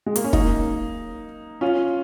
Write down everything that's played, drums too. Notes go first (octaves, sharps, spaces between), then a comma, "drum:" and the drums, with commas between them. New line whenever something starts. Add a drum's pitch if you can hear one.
G#3
A#3, drum: hi-hat
C#4
A#3 D#4, drum: kick
C#4 F4